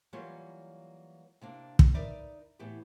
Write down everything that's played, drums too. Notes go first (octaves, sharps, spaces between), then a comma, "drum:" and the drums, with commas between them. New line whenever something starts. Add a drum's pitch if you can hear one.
E3 F#3 G3 A#3 F4 C#5
C3 A#3 D4
drum: kick
D#4 A#4 B4 D5 E5
A2 E3 B3 G4